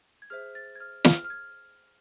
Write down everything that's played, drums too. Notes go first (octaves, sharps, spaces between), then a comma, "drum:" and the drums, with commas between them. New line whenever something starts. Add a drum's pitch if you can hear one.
G#6
G#4 C5 E5 F6
A6
G#6
F6
F6, drum: snare
F6
G#6